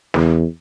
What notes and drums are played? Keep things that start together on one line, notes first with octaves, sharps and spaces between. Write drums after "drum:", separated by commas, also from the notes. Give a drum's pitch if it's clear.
E2, drum: snare